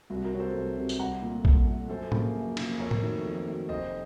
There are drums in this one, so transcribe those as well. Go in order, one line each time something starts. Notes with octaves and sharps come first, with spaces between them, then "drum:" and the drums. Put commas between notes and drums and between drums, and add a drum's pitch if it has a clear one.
C2 F#4
F#4 A#4
C3 F#3 C#5
A4 C5
C2
C3 F#3
drum: tambourine
C2 F#5 A#5
A#2 A3
C2, drum: kick
A#2 A3
F#2 A4 C5
C#3 F3 A#3, drum: tom A2
F#2
C#3 F3 A#3, drum: cymbal
F2 A#4 C#5
drum: tom A2
D#3 F#3 A3
F2
D#3 F#3 A3
F1 C5 D#5